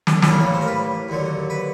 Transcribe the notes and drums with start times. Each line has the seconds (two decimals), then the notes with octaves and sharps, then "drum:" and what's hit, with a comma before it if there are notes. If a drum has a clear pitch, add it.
0.07 drum: snare
0.22 E5, drum: snare
0.26 A2 E3 G3 A#3 F5
0.40 C#5
0.54 C5
0.61 A#4
0.67 B4
1.09 D#2 D3 F#3
1.50 B4